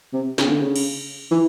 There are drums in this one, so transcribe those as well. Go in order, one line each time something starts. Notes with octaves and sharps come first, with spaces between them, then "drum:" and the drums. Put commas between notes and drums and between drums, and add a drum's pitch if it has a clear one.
C3
C#3, drum: snare
D3
C#3
drum: cymbal
E3